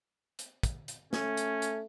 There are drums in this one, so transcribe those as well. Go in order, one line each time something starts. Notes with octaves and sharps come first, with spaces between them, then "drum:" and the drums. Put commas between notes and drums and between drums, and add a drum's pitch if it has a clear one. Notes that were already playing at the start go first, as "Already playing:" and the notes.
drum: hi-hat
drum: kick, hi-hat
drum: hi-hat
A3 C#4, drum: snare
drum: hi-hat
drum: hi-hat